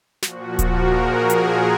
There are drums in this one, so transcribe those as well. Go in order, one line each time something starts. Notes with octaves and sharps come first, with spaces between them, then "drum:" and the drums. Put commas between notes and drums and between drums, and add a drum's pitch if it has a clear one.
A#2 F3 F#4, drum: snare
A#4, drum: kick D1, hi-hat
G#4
F4, drum: hi-hat